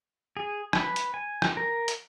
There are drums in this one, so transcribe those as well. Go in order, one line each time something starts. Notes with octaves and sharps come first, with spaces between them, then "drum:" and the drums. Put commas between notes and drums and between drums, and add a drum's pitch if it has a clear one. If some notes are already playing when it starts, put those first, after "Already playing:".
G#4
B4, drum: rim click
drum: hi-hat
G#5
drum: rim click
A#4
drum: hi-hat